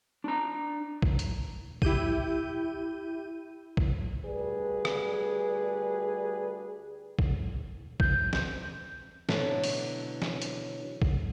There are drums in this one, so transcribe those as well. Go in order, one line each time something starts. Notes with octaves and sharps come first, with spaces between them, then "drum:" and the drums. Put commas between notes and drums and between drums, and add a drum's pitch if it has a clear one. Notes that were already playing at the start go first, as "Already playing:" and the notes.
D4 A#5
drum: kick
drum: hi-hat
E4 G4 G6 D#7, drum: kick
drum: kick
D2 G3 G#4 B4 D5
drum: rim click
drum: kick
G6, drum: kick
drum: snare
B2 D3 E3 F#3 D4 A5, drum: snare
drum: open hi-hat
drum: snare
drum: hi-hat
drum: kick